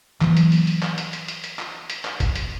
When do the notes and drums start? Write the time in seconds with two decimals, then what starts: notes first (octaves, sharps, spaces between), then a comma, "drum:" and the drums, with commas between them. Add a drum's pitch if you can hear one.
0.21 E3 F#3 A#3, drum: clap
0.37 drum: hi-hat
0.52 drum: open hi-hat
0.67 drum: open hi-hat
0.83 drum: clap
0.98 drum: hi-hat
1.13 drum: hi-hat
1.28 drum: hi-hat
1.44 drum: hi-hat
1.59 drum: clap
1.90 drum: hi-hat
2.05 drum: clap
2.20 drum: kick E1, hi-hat
2.36 drum: hi-hat